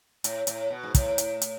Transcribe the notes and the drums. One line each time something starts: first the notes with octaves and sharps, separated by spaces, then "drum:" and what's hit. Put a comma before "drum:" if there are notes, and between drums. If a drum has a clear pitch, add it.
A2, drum: hi-hat
A2, drum: hi-hat
B2
G#2
A2, drum: kick, hi-hat
drum: hi-hat
drum: hi-hat